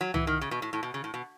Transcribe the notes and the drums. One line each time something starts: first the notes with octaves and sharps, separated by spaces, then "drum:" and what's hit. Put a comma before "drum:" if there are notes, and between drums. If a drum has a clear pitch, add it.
F#3
E3, drum: tom C2
D#3
C#3
B2
A2
A2
B2
C#3
A2
B2